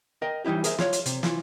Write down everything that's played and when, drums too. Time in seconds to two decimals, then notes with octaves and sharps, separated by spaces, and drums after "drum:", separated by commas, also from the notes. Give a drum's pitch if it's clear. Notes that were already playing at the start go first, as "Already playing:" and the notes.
0.22 A#4 D#5 G5
0.45 E3 G3 D#4 E4 G4
0.64 G#4 A#4 C5 E5, drum: hi-hat
0.79 F4 C#5 F5, drum: snare
0.93 drum: hi-hat
1.06 C3, drum: hi-hat
1.23 E3 F4, drum: snare